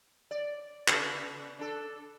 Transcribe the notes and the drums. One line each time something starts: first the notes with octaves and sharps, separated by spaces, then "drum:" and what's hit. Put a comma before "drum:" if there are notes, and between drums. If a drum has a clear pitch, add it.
D5
C#3 B3 B4, drum: clap
D4 A4